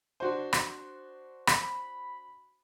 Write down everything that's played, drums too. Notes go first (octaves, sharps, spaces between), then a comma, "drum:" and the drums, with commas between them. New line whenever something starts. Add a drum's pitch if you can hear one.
D4 F#4 C5
drum: rim click
B5, drum: rim click